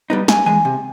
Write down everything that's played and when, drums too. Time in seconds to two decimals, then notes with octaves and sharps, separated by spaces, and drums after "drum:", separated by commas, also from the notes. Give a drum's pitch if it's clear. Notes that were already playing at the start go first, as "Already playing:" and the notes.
0.10 G3 B3 D#4
0.28 G2 G#5, drum: snare
0.46 E3 G#3 G#5
0.65 C3